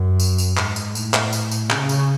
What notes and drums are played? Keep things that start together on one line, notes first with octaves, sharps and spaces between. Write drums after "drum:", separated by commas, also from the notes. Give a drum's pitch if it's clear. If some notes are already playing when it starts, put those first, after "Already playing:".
Already playing: F#2
drum: tambourine
drum: tambourine
G#2, drum: clap
drum: tambourine
A2, drum: tambourine
drum: clap
drum: tambourine
drum: tambourine
C#3, drum: clap
drum: tambourine